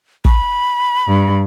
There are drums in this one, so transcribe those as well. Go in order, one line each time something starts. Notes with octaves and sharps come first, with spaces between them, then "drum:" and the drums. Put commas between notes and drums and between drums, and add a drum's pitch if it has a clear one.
B5, drum: kick
G2